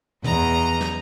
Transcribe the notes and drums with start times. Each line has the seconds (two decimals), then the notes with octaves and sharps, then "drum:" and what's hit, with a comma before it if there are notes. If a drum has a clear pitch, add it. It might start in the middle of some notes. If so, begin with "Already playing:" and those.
0.24 E2 D#5 A#5, drum: tom
0.81 drum: snare